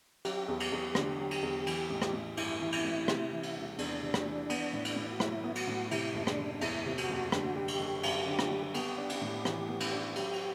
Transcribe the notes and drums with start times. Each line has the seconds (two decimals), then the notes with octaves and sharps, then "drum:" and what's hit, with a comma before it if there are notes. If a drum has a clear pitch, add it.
0.25 F#3 G4, drum: cymbal
0.48 E2
0.60 drum: cymbal
0.72 E2
0.95 D3, drum: rim click
1.19 F#3
1.31 drum: cymbal
1.43 E2
1.67 E3, drum: cymbal
1.90 A1
2.02 drum: rim click
2.13 A1
2.37 G2 E4, drum: cymbal
2.60 E3
2.72 drum: cymbal
2.84 A1
3.08 C3, drum: rim click
3.31 E3
3.43 drum: cymbal
3.56 E1
3.78 E2 D4, drum: cymbal
4.03 C3
4.14 drum: rim click
4.26 E3
4.50 B3, drum: cymbal
4.73 A2
4.85 drum: cymbal
4.96 A2
5.12 F#4
5.20 F#3 E4, drum: rim click
5.44 B3
5.55 F#4, drum: cymbal
5.67 A2
5.91 C3 E4, drum: cymbal
6.14 F#1
6.27 D4, drum: rim click
6.38 F#1
6.55 D4
6.61 E2 E4, drum: cymbal
6.86 C3
6.98 F#4, drum: cymbal
7.09 F#1
7.32 D3 G4, drum: rim click
7.44 F#4
7.56 G3 G4
7.68 drum: cymbal
7.79 F#1
8.03 F#2, drum: cymbal
8.26 D3
8.39 drum: rim click
8.51 G3
8.74 B3 G4, drum: cymbal
8.98 D4
9.10 drum: cymbal
9.21 A2
9.45 E3, drum: rim click
9.68 B3
9.80 drum: cymbal
9.92 D4
10.16 F#3 G4, drum: cymbal
10.33 drum: cymbal